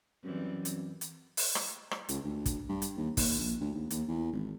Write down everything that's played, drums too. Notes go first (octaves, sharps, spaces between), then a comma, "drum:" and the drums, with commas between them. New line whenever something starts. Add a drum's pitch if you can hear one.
F#2 E3 G3 C4
drum: hi-hat
drum: hi-hat
drum: open hi-hat
drum: rim click
drum: rim click
C#2, drum: hi-hat
D2
drum: kick, hi-hat
G2
drum: hi-hat
D#2
D#2, drum: kick, open hi-hat
A#1
D2
D#2
D#2, drum: hi-hat
E2
G#1